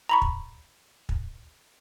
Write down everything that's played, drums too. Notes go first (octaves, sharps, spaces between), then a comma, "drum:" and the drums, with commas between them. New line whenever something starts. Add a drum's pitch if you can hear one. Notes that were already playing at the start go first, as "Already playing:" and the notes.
A#5 B5 C#6
drum: kick
drum: kick